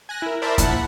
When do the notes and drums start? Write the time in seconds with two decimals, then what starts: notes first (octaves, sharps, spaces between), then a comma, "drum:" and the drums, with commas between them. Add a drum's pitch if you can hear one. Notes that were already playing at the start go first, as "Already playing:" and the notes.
0.09 G#5 F#6 A#6
0.22 E4 A#4
0.42 A#4 C5 D5 E5 A5 B5
0.58 A#1 A#2 F3 E4 F#5 A5, drum: kick, hi-hat
0.72 F#5 B5